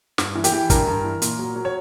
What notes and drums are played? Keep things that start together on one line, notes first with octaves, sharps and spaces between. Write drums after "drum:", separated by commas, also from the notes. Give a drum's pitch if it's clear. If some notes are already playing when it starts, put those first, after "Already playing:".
G2, drum: snare
E3
G4, drum: hi-hat
E3
G2 A#4, drum: kick, hi-hat
G2
E3
A#2, drum: hi-hat
F#3
F#3
C#5